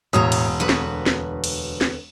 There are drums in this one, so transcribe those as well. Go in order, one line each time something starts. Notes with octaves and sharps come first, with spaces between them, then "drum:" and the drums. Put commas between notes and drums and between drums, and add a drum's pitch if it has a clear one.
E1 A2 C#5 A#5 D#6
drum: cymbal
D2 F#4 B4
drum: snare
drum: snare
drum: cymbal
drum: snare